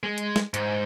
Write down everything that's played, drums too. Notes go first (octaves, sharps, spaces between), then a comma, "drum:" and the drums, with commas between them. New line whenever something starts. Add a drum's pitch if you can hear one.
G#3
drum: hi-hat
drum: snare
G#2, drum: hi-hat